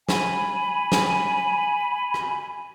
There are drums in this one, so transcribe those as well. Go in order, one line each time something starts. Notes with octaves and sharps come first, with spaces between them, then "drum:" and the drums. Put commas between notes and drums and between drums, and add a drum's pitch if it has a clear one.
G#5 B5, drum: snare
drum: snare
drum: rim click